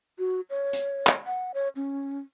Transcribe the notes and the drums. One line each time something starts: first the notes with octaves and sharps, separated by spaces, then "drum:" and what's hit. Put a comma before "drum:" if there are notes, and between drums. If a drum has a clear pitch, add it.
F#4
C#5
drum: hi-hat
drum: clap
F#5
C#5
C#4